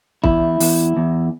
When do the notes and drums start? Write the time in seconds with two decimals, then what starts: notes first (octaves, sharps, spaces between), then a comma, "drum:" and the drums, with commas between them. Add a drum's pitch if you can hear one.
0.24 E2 E4, drum: kick
0.60 E2, drum: open hi-hat
0.97 E2